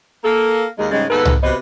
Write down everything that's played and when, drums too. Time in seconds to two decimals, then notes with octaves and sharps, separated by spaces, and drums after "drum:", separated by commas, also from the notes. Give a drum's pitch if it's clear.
0.24 A#3 A4
0.78 D#2 G#3
0.91 G#2 C#3 G3 G#3
1.10 D#2 G#2 B3 A4 B4
1.25 drum: tom C2
1.43 C3 B3 F#4 B4 C5 D#5